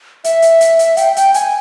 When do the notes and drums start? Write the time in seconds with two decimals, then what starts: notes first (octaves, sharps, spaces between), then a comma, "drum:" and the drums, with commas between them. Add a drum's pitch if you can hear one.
0.24 E5, drum: hi-hat
0.42 drum: hi-hat
0.61 drum: hi-hat
0.79 drum: hi-hat
0.97 G5, drum: hi-hat
1.17 G5, drum: hi-hat
1.34 G#5, drum: hi-hat